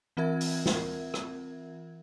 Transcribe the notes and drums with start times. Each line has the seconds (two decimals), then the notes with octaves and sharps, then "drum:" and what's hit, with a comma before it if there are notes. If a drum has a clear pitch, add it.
0.17 E3 C4 F4 A#4 E5 G#6
0.41 drum: open hi-hat
0.66 drum: snare
1.14 drum: rim click